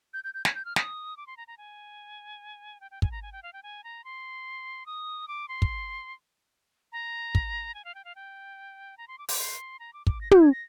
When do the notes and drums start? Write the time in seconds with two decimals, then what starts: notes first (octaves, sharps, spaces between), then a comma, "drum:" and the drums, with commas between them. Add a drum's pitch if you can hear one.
0.14 G6
0.24 G6
0.34 G6
0.45 G#6, drum: snare
0.55 G6
0.65 F6
0.76 D#6, drum: snare
1.17 D6
1.27 C6
1.37 A#5
1.48 A#5
1.58 G#5
2.81 G5
2.91 G5
3.02 G#5, drum: kick
3.12 A#5
3.22 G#5
3.32 G5
3.43 F5
3.53 G5
3.63 G#5
3.84 A#5
4.04 C6
4.86 D#6
5.28 D6
5.48 C6
5.62 drum: kick
6.92 A#5
7.35 drum: kick
7.75 G#5
7.85 F5
7.95 G5
8.05 F5
8.15 G5
8.98 A#5
9.08 C6
9.19 D6
9.29 D6, drum: open hi-hat
9.39 C6
9.79 A#5
9.93 D6
10.07 D6, drum: kick
10.21 A#6
10.31 G6, drum: tom
10.42 G#6
10.52 A#6